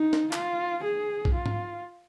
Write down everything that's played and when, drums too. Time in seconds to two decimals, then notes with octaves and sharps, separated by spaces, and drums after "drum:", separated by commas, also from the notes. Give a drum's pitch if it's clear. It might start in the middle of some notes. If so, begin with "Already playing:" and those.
Already playing: D#4
0.13 drum: snare
0.33 F4, drum: clap
0.84 G#4
1.25 drum: kick
1.35 F4
1.46 drum: tom